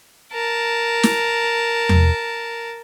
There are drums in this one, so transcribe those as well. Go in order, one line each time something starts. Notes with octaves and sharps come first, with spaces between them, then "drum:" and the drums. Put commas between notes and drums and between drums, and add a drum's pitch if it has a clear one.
A#4 A5
drum: snare
drum: tom E2